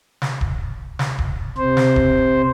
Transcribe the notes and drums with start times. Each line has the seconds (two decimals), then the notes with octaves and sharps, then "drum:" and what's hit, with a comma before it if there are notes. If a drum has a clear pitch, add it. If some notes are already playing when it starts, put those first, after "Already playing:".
0.22 drum: snare
0.41 drum: kick
0.99 drum: snare
1.18 drum: kick
1.57 C3 C5
1.77 drum: snare
1.96 drum: kick